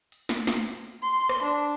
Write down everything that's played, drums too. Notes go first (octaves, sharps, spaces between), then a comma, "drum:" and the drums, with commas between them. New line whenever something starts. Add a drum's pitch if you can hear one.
drum: hi-hat
drum: snare
drum: snare
C6
drum: rim click
D4